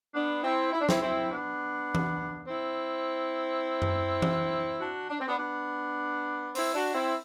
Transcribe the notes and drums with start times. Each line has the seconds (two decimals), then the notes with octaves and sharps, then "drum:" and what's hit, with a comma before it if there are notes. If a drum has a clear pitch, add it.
0.14 B3 D4
0.43 C4 E4
0.72 E4
0.81 D4
0.89 C4 E4, drum: snare
1.01 C4 E4
1.31 B3 D4
1.95 drum: tom E3
2.47 C4 E4
3.82 drum: tom F#2
4.22 drum: tom E3
4.80 D4 F#4
5.09 D4
5.19 C4
5.28 B3 D4
5.38 B3 D4
6.55 C4 E4, drum: open hi-hat
6.74 D4 F#4
6.94 C4 E4